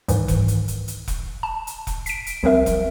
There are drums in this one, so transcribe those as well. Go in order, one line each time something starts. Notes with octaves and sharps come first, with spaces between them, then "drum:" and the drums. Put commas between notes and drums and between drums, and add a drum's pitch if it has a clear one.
C2 G#2 D#3 E3, drum: hi-hat
drum: kick E1, hi-hat
drum: hi-hat
drum: hi-hat
drum: hi-hat
drum: kick E1, hi-hat
A5
drum: hi-hat
drum: kick E1, hi-hat
B6 D7, drum: hi-hat
drum: hi-hat
C2 F3 F#3 C4 A#4 E5
drum: kick E1, hi-hat